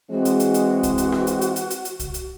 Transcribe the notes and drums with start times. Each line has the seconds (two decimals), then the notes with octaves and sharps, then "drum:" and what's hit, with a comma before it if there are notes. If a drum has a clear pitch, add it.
0.11 E3 G#3 C4 F#4
0.25 drum: hi-hat
0.40 drum: hi-hat
0.54 drum: hi-hat
0.83 drum: kick C2, hi-hat
0.98 drum: hi-hat
1.12 drum: rim click
1.27 drum: hi-hat
1.41 drum: hi-hat
1.56 drum: hi-hat
1.70 drum: hi-hat
1.85 drum: hi-hat
1.99 drum: kick C2, hi-hat
2.14 drum: hi-hat